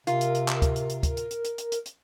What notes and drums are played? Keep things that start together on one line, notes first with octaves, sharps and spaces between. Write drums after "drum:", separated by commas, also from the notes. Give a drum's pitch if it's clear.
C3 F4 A#4, drum: hi-hat
drum: hi-hat
drum: hi-hat
drum: clap
drum: kick, hi-hat
drum: hi-hat
drum: hi-hat
drum: kick, hi-hat
drum: hi-hat
drum: hi-hat
drum: hi-hat
drum: hi-hat
drum: hi-hat
drum: hi-hat